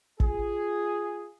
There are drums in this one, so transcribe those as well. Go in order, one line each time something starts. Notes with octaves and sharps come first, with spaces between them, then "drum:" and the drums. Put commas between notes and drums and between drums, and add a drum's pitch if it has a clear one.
F4 G#4, drum: kick